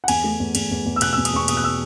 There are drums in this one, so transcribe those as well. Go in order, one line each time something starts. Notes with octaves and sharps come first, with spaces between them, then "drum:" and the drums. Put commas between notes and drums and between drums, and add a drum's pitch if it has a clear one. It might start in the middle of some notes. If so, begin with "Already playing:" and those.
F#5
E2 G#5, drum: cymbal
A3
E2
E2, drum: cymbal
E2
E2
E6
B2 F#6, drum: cymbal
E2 E6
D#6, drum: cymbal
E2 C#6
B2 D#6, drum: cymbal
F#6
E6